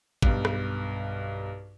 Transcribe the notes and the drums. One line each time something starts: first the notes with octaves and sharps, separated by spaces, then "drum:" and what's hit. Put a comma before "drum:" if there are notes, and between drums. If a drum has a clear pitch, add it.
B1 G2, drum: kick G#1
drum: rim click